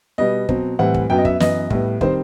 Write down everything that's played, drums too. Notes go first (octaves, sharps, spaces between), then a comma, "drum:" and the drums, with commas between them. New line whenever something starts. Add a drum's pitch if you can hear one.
B2 G3 B3 D#5
B2 F#3 C4, drum: kick
A2 E3 G3 C4 F#5
drum: kick
F#2 F#3 B3 G5
D#5
E5, drum: kick
F#2 E3 B3 D#5, drum: snare
A2 G3 B3, drum: kick
D#3 G3 C4 C5, drum: kick